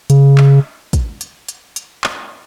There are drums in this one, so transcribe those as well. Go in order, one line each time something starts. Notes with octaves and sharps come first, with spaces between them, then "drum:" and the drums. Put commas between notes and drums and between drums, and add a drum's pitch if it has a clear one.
C#3, drum: hi-hat
drum: clap
drum: kick, hi-hat
drum: hi-hat
drum: hi-hat
drum: hi-hat
drum: clap